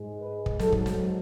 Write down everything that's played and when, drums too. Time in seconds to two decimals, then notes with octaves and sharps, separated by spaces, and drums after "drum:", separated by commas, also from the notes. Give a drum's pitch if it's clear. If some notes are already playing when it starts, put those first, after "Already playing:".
Already playing: G#2 G#3
0.19 B4
0.46 drum: kick
0.59 G#2 F#3 A4, drum: snare
0.72 drum: kick
0.86 drum: snare